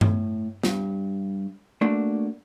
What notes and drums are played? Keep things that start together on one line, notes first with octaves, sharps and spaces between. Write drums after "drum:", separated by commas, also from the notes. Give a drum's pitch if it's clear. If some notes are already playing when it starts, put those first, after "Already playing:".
A2, drum: tom G2
G2, drum: snare
A3 A#3 D4 F#4